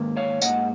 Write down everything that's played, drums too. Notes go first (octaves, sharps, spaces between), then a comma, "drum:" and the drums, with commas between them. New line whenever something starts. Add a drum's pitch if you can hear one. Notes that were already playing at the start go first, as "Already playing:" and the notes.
Already playing: G#2 D#3 A#3
C#5 F5
G#2 D#3 A#3 D#5 F#5, drum: tambourine